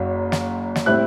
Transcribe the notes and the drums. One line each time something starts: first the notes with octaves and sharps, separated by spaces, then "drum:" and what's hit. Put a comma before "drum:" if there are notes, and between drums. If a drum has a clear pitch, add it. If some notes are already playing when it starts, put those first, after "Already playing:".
Already playing: F#1 F#2 F#3
drum: snare
drum: snare
A2 G3 C4 E4 F#6